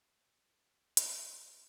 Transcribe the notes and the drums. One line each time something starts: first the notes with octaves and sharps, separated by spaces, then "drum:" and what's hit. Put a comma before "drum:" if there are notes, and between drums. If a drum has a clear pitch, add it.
F#5
G#4
A#3
C5, drum: hi-hat
D5